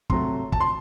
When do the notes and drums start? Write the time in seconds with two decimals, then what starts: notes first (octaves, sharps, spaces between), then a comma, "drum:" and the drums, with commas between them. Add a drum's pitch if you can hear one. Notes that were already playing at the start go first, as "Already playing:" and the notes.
0.10 C3 F#3 A3 C6, drum: kick
0.52 A5, drum: kick
0.60 C6